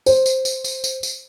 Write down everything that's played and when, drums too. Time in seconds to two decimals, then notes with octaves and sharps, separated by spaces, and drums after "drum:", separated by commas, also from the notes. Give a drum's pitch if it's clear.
0.06 C5, drum: tambourine
0.26 drum: tambourine
0.45 drum: tambourine
0.64 drum: tambourine
0.84 drum: tambourine
1.03 drum: tambourine